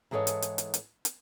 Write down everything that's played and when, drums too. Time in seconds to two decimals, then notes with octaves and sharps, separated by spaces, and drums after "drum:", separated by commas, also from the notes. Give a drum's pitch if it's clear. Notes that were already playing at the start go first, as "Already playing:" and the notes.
0.11 G#2 E3 G#4 A4 C#5 D#5
0.27 drum: hi-hat
0.42 drum: hi-hat
0.58 drum: hi-hat
0.74 drum: hi-hat
1.05 drum: hi-hat